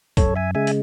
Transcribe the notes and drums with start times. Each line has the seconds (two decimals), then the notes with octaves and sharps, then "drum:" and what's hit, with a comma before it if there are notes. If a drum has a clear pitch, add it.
0.17 F#2 A4 C#5, drum: kick, hi-hat
0.36 E5 G#5
0.55 C#3 G#3 E5 G#5
0.67 drum: hi-hat